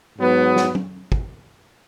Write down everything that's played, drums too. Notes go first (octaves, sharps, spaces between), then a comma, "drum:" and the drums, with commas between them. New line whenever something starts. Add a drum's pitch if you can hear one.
G#2 F#3 B3
drum: snare
drum: tom F#3
drum: kick